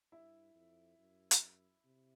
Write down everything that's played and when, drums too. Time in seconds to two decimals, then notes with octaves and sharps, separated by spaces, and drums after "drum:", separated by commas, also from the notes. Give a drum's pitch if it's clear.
0.12 G2 E4 E5
0.55 F2
0.98 F#2
1.31 drum: hi-hat
1.85 C3